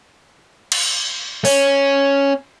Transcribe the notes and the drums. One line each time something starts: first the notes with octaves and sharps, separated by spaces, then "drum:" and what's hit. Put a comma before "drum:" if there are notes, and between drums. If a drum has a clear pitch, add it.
drum: cymbal
C#4, drum: open hi-hat